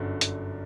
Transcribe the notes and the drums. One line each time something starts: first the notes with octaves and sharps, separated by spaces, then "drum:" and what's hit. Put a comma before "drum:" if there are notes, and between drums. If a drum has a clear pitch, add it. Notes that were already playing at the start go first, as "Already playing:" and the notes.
Already playing: G1 F#2 D3
drum: hi-hat